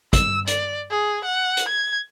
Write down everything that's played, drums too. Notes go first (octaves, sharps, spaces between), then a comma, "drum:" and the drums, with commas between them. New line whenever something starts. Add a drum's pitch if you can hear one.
E6, drum: kick, hi-hat
D5, drum: hi-hat
G#4
F#5
drum: hi-hat
G#6